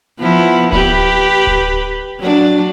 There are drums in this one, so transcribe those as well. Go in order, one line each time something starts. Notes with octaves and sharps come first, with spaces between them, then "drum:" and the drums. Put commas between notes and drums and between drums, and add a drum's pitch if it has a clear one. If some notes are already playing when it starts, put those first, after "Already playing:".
F3 B3 E4
G4 B4, drum: kick D1
drum: kick D1
F#3 D4